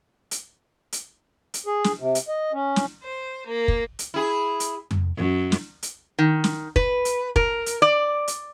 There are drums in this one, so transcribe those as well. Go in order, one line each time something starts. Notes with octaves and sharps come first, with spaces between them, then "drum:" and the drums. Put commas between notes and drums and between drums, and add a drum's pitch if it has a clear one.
drum: hi-hat
drum: hi-hat
drum: hi-hat
G#4
drum: snare
C3
drum: hi-hat
D#5
C#4
drum: snare
C5
A#3
drum: kick
drum: hi-hat
E4 G#4
drum: hi-hat
drum: tom F2
F#2
drum: snare
drum: hi-hat
D#3
drum: snare
B4, drum: kick
drum: hi-hat
A#4, drum: kick
drum: hi-hat
D5
drum: hi-hat